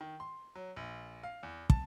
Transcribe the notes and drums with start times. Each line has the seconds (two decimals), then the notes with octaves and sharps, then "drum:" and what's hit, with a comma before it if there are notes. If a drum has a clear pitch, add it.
0.01 D#3
0.20 C6
0.55 F#3
0.76 A#1
1.23 F5
1.43 E2
1.70 A5, drum: kick